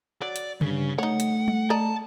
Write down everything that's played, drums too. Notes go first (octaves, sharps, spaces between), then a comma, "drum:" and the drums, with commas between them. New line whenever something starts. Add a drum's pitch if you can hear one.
F#3 D5
drum: hi-hat
G2 C#3, drum: tom C#3
A3 D#4 C#5 F#5
drum: hi-hat
drum: tom
D5 D#5 A5 A#5